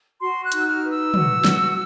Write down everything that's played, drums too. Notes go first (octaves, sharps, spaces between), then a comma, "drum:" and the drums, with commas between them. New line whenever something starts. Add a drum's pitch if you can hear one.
F#4 C6
F#6
D#4, drum: hi-hat
E6
F6
B4
E6
F#4, drum: tom
F#4, drum: snare